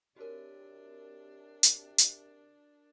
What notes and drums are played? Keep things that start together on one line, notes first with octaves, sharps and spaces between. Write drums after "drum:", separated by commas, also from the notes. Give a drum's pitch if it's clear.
C3 D4 F#4 G4 A#4 C#5
drum: hi-hat
drum: hi-hat